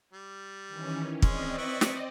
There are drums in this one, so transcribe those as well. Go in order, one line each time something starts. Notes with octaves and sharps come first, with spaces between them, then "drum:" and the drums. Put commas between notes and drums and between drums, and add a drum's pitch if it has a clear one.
G3
D#3 E3 C#4
G#3 C4 C#4 D5 D#5, drum: kick
E4 B4 C#6
drum: snare